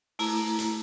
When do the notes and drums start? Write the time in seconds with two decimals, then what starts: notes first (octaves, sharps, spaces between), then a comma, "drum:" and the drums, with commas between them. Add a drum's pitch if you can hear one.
0.19 A3 E4 A#5, drum: open hi-hat
0.58 drum: hi-hat